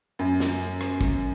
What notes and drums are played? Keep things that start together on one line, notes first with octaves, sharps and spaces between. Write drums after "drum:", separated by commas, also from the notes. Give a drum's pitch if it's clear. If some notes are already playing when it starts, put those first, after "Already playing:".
F#2
drum: snare
drum: rim click
drum: kick